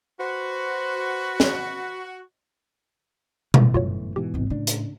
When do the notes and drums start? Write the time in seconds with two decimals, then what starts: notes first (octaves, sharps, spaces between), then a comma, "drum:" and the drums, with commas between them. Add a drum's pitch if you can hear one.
0.20 F#4 B4 C5
1.40 drum: snare
3.54 G1 A2 E3, drum: tom B2
3.74 F#2 F4 F#4 C#5
4.16 G#2 B2 E3 G4
4.34 G#1 G#3
4.50 A2 C#3 D4
4.67 drum: hi-hat